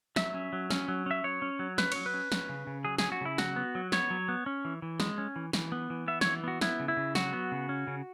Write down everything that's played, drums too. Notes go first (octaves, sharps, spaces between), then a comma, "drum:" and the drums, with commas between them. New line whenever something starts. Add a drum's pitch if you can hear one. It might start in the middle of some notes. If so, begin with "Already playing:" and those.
F#3 E5, drum: snare
C#4
F#3
C#4, drum: snare
F#3
C#4 E5
F#3 C#5
C#4
F#3
C#4 B4, drum: snare
F#3 C#5, drum: cymbal
B4
C#4
C#4, drum: snare
C#3
C#3
F#3 G#4
C#4 G#4, drum: snare
F#4
C#3 E4
F#3 F#4, drum: snare
B3
F#3
B3 C#5, drum: snare
F#3
B3
C#4
E3
E3
G#3, drum: snare
C#4
E3
E3, drum: snare
B3
E3
B3 E5
E3 C#5, drum: snare
B3 F#4
B3 E4, drum: snare
C#3
E4
C#3
F#3 F#4, drum: snare
B3
C#3
C#4
C#3